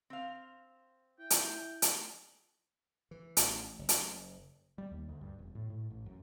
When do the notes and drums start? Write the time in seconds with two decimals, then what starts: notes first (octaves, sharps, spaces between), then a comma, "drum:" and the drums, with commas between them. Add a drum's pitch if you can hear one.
0.10 C4 F5
1.20 E4 G5
1.30 drum: hi-hat
1.82 drum: hi-hat
3.11 E3
3.37 A1, drum: hi-hat
3.79 F#1
3.89 drum: hi-hat
4.78 G3
4.91 D#2
5.09 D2
5.21 G2
5.39 E1
5.55 A2
5.70 A2
5.90 A1
6.06 F#2